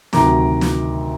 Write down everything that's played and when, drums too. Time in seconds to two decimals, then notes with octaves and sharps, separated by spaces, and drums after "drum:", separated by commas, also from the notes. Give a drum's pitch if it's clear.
0.13 D2 C3 D#3 F#3 A#5 D6, drum: snare
0.61 drum: snare